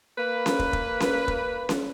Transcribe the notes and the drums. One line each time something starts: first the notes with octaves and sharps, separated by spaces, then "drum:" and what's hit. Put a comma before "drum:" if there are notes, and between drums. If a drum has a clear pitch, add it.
A#3 B4
drum: snare C#4
drum: kick
drum: kick
drum: snare C#4
drum: kick
drum: snare C#4